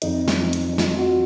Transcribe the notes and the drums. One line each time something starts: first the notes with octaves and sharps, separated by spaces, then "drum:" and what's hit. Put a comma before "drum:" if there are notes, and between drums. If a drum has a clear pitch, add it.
F2 D#4, drum: hi-hat
drum: snare
F3
drum: hi-hat
D#4
F2 F4, drum: snare
F#4